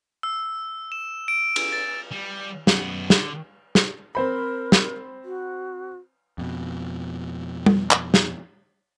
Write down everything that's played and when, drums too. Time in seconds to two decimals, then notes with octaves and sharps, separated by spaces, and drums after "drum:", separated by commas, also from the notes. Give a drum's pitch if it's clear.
0.23 E6
0.92 E7
1.28 D7
1.56 drum: cymbal
1.72 A6
2.12 G3
2.67 F#2 B3, drum: snare
3.10 D3, drum: snare
3.75 drum: snare
4.15 C4 A#4 C5 B5
4.72 drum: snare
5.24 F#4
6.38 F2 B2
7.66 drum: tom
7.91 drum: clap
8.14 drum: snare